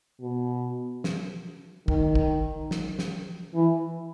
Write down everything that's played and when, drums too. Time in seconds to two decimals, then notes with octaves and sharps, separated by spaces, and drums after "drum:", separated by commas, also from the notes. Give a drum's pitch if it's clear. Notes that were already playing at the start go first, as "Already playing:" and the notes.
0.21 B2
1.04 drum: snare
1.88 D#3, drum: kick
2.15 drum: kick
2.71 drum: snare
2.99 drum: snare
3.54 E3